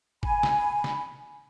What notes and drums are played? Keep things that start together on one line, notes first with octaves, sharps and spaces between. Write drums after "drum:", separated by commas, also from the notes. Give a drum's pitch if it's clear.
G#5 B5, drum: kick G1
drum: snare
drum: snare